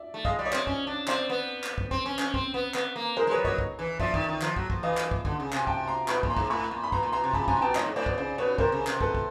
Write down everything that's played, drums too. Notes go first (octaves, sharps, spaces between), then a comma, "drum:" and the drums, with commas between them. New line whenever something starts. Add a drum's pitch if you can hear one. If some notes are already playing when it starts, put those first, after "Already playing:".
Already playing: D5 E5
A3
G#3 D#5 F5, drum: kick
G3 D5
C#5 D#5
C4, drum: clap
C#4, drum: kick
D4
C4 C5 D5, drum: clap
B3
drum: clap
drum: kick
C4, drum: kick
C#4
C#4, drum: clap
C4, drum: kick
B3
B3, drum: clap
A#3
G#3 A#4 C5
G#3 B4 C#5
G3
F#3 C#5 D#5, drum: kick
drum: kick
E3
F3 D5 E5, drum: kick
D#3, drum: kick
D#3
F3, drum: clap
F#3, drum: kick
F3, drum: kick
E3 D#5 F5
drum: clap
drum: kick
D3, drum: kick
C#3
C3 G#5, drum: clap
G5 A5, drum: kick
A#5 C6
B2 B5 C#6, drum: clap
A#2, drum: kick
A#5 C6
G#2, drum: kick
A2 B5 C#6
A#2
B5
B2 A#5 C6, drum: kick
A#2
B2 A#5 C6
C3
C#3 A5 B5, drum: kick
C3 G#5 A#5, drum: kick
B2 G5 A5
A#2 C#5 D#5, drum: clap
G#2
A2 C5 D5
B2, drum: kick
C#3 C5 D5
B2 B4 C#5
C3 A#4 C5, drum: kick
C#3
C3, drum: clap
A4 B4, drum: kick
drum: kick